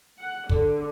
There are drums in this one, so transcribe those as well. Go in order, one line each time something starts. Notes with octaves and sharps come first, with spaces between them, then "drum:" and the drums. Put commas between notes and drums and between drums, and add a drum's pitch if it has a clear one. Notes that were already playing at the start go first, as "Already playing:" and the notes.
F#5
D3, drum: kick